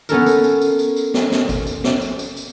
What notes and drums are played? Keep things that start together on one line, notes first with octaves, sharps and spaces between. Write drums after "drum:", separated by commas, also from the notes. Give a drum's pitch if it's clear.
B3 C#4 A4 A#4, drum: tambourine
drum: tambourine
drum: tambourine
drum: tambourine
drum: tambourine
drum: tambourine
drum: snare
drum: snare
drum: kick G#1, tambourine
drum: tambourine
drum: snare
drum: tambourine
drum: tambourine
drum: tambourine